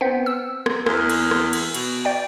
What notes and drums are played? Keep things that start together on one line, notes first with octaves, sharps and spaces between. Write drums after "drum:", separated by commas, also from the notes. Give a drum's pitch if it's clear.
B3 C4 C5
E6
drum: rim click
E2, drum: rim click
drum: cymbal
drum: rim click
drum: cymbal
B2, drum: cymbal
D5 G5